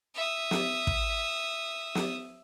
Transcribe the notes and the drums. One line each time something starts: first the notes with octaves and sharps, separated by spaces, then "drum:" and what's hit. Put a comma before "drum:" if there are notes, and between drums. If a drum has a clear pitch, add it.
E5 D#6
drum: snare
drum: kick
drum: snare